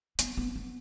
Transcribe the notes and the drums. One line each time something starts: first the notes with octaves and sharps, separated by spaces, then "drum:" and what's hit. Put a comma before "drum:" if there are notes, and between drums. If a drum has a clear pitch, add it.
B3, drum: hi-hat
B3
B3